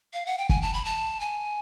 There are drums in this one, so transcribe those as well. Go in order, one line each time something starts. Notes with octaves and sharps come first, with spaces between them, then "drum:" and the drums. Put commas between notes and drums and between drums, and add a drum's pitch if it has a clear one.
F5
F#5
G5
G#5, drum: kick
A5
B5
A5
G#5